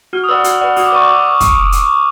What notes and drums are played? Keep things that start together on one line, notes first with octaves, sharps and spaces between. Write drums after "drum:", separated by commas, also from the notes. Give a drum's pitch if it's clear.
F#4 F6
D#6
B4 D5 F#5 E6
F#4, drum: hi-hat
B4 D5 F#5
F#4 D#6, drum: open hi-hat
D6
B4 D5 F#5 C#6
D6
drum: kick, hi-hat
drum: hi-hat